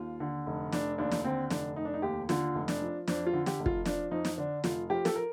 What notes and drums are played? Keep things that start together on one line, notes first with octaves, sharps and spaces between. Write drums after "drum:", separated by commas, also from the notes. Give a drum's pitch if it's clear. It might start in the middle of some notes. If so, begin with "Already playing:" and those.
Already playing: D#2 F4
D3
F1
F1 D4, drum: snare
D#2 D4
drum: snare
D3 C4
F1 D4, drum: snare
F1 D#4
D4
D#4
D#2 G4
D3 F4, drum: snare
F1
D4, drum: snare
F3
F2 D4, drum: snare
F4
D3
G4, drum: snare
F1
F4, drum: kick
F3 D4, drum: snare
F2 D#4
drum: snare
D3 D4
F1 F4, drum: snare
F3 G4
A4, drum: snare
A#4